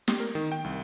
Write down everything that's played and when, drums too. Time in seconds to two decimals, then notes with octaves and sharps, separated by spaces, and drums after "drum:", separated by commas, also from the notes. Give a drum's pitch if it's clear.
0.08 G4, drum: snare
0.20 A#4
0.35 D#3
0.52 G5
0.64 C2